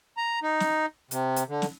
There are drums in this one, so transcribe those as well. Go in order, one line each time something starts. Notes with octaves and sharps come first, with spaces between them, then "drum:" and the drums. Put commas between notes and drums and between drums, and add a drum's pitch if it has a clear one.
A#5
D#4
drum: snare
C3, drum: hi-hat
drum: hi-hat
D3
drum: snare